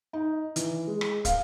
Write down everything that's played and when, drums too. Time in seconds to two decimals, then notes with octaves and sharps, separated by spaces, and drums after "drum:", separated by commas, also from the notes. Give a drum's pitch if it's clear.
0.13 D#4
0.56 E3, drum: hi-hat
0.87 G#3
1.01 drum: rim click
1.25 F5, drum: kick, hi-hat